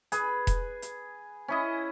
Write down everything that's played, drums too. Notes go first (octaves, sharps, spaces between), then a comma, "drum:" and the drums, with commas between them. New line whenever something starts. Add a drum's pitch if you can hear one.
G#4 B4, drum: hi-hat
drum: kick E1, hi-hat
drum: hi-hat
C#4 E4 D#5